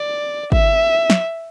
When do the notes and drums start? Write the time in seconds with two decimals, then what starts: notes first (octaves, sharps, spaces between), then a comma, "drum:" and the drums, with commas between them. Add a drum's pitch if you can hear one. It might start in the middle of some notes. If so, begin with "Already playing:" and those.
Already playing: D5
0.52 E5, drum: kick
1.10 drum: snare